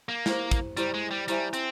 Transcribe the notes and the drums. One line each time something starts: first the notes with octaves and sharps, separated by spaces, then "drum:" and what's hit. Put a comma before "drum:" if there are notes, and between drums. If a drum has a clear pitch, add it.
A#3
E4 G4 C5, drum: snare
drum: kick, hi-hat
G3 E4 G4 C5, drum: hi-hat
G#3
G3
G3 E4 G4 C5 E5 G#5, drum: hi-hat
C4, drum: hi-hat